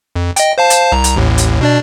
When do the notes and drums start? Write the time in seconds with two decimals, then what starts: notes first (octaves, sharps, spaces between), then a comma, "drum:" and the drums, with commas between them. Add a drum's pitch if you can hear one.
0.16 F2
0.36 D#5 G5, drum: hi-hat
0.58 C5 F5 A5
0.70 drum: hi-hat
0.92 C2 A#5
1.04 drum: hi-hat
1.16 A1 D#2 A2
1.38 drum: hi-hat
1.61 B2 D4 D5